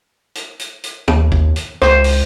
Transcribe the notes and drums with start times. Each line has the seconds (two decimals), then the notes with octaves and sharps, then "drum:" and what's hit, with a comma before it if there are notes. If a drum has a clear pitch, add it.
0.35 drum: hi-hat
0.59 drum: hi-hat
0.84 drum: hi-hat
1.08 D#2, drum: tom
1.32 drum: kick
1.56 drum: hi-hat
1.82 C#2 C5, drum: rim click
2.04 drum: open hi-hat